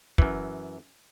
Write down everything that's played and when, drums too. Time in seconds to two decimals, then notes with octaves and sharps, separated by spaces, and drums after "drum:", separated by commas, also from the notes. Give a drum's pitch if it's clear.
0.18 F#2 E3, drum: kick